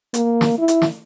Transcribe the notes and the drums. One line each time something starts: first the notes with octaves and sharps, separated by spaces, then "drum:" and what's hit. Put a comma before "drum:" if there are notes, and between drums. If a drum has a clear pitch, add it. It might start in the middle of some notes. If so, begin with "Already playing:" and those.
A#3, drum: hi-hat
drum: snare
E4
drum: hi-hat
drum: snare